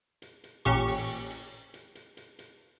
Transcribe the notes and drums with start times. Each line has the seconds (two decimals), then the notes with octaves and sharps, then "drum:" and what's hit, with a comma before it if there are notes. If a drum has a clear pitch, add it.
0.22 drum: hi-hat
0.44 drum: hi-hat
0.65 A1 A#2 C#4 G4 C#6, drum: hi-hat
0.87 drum: open hi-hat
1.09 drum: hi-hat
1.30 drum: hi-hat
1.74 drum: hi-hat
1.95 drum: hi-hat
2.17 drum: hi-hat
2.39 drum: hi-hat